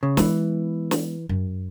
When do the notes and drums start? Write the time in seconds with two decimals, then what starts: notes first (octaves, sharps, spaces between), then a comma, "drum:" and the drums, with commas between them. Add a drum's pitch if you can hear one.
0.03 C#3
0.17 E3 G#3 B3, drum: snare
0.91 drum: snare
1.29 F#2